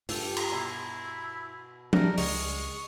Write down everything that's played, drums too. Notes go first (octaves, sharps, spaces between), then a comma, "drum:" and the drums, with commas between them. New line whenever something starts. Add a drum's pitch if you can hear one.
G2 F4 G4 A4, drum: open hi-hat
drum: cymbal
B2 E4
G3 A3 D4 A#4, drum: tom F3
C#2 G#3 C#6, drum: open hi-hat